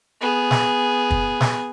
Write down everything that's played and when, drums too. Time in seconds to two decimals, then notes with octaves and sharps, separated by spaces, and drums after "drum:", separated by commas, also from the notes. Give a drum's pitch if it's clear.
0.21 B3 G#4
0.51 drum: snare
1.11 drum: kick
1.41 drum: snare